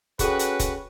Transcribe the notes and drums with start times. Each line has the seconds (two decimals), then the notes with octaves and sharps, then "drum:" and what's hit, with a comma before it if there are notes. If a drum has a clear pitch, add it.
0.19 C#4 F#4 G#4 A4 B4 G5, drum: kick, hi-hat
0.39 drum: hi-hat
0.60 drum: kick, hi-hat